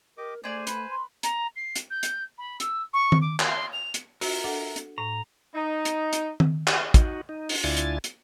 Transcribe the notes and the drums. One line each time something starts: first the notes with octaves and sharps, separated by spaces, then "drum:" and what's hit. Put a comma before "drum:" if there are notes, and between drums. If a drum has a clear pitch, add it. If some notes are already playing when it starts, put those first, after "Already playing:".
G4 A#4 D#5 D6
A3 D4 G#4 C5 D5 G#5
B4, drum: hi-hat
C6
A#5, drum: hi-hat
C7
drum: hi-hat
G6
drum: hi-hat
B5
E6, drum: hi-hat
C#6
drum: tom D#3
D6
C6, drum: clap
F7
drum: hi-hat
F#4 A#4 E5, drum: open hi-hat
D4 A4 F#5
drum: hi-hat
A2 A#5
D#4
drum: hi-hat
drum: hi-hat
drum: tom D#3
drum: clap
D#4 F#4, drum: kick, hi-hat
D#4
drum: open hi-hat
D2 D4 E4 F4 G#5 A6
drum: hi-hat
drum: hi-hat